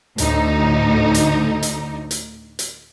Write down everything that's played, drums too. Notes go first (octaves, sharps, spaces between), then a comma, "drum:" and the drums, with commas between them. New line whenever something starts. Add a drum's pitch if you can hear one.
D2 A2 D3 D#4, drum: hi-hat
drum: hi-hat
drum: hi-hat
drum: hi-hat
drum: hi-hat